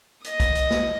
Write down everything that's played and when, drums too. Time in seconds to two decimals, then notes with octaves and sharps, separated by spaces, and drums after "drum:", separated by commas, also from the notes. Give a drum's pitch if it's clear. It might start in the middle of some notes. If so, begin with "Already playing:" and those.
0.24 D#5 D#6, drum: hi-hat
0.40 drum: kick, hi-hat
0.55 drum: hi-hat
0.71 drum: snare